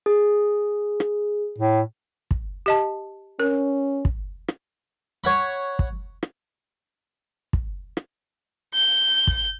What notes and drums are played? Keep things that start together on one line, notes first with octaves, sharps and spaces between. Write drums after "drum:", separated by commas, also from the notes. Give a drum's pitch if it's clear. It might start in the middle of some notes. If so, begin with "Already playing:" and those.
G#4
drum: rim click
A2
drum: kick
G4 D#5 A5
C#4 A#4
drum: kick
drum: rim click
C#5 F#5 B5
drum: kick
drum: rim click
drum: kick
drum: rim click
G6
drum: kick